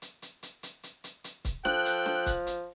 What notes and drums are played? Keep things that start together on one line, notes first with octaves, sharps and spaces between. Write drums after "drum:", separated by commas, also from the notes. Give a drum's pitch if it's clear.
drum: hi-hat
drum: hi-hat
drum: hi-hat
drum: hi-hat
drum: hi-hat
drum: hi-hat
drum: hi-hat
drum: kick C#1, hi-hat
F3 A4 G5 F#6, drum: snare
drum: hi-hat
drum: snare
drum: kick C#1, hi-hat
drum: hi-hat